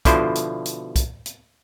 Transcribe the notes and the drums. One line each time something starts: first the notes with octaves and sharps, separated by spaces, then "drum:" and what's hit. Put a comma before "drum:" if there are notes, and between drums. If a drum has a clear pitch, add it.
B2 D3 F3 E4 C5, drum: kick, hi-hat
drum: hi-hat
drum: hi-hat
drum: kick, hi-hat
drum: hi-hat